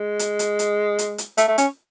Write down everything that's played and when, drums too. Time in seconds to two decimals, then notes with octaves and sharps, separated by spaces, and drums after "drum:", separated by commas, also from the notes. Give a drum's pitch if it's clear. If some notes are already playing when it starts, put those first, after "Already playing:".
Already playing: G#3
0.19 drum: hi-hat
0.39 drum: hi-hat
0.59 drum: hi-hat
0.99 drum: hi-hat
1.18 drum: hi-hat
1.37 A3, drum: hi-hat
1.48 A3
1.58 C#4, drum: hi-hat